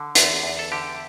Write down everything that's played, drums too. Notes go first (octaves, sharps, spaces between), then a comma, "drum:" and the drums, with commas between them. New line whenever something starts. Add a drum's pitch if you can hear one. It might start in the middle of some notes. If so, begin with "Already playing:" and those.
Already playing: D3
E2, drum: hi-hat
E2
A4
D3 G4